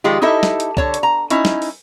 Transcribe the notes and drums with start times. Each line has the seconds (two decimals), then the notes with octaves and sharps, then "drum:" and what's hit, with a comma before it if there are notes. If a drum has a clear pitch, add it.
0.04 D#3 F3 G#3 F4 G4
0.22 D#4 E4 G4 A4 D#5 E5
0.43 drum: snare
0.60 drum: hi-hat
0.77 D3 C#5 A5, drum: kick C2
0.94 drum: hi-hat
1.03 A#5
1.30 C#4 D#4 E4, drum: hi-hat
1.45 drum: snare
1.62 drum: open hi-hat